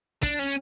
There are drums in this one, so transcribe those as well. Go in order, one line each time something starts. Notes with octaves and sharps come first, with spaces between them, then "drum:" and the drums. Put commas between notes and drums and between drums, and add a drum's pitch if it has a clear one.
D4, drum: kick, hi-hat
C#4